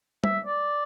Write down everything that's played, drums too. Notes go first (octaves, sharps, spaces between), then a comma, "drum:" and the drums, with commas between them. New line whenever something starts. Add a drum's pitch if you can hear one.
E5, drum: tom G3
D5